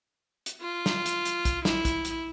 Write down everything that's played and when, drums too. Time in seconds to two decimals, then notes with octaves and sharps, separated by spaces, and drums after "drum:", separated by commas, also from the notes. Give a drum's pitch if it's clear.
0.46 drum: hi-hat
0.61 F4
0.86 drum: snare
1.06 drum: hi-hat
1.25 drum: hi-hat
1.45 drum: kick, hi-hat
1.65 E4, drum: snare
1.85 drum: kick, hi-hat
2.05 drum: hi-hat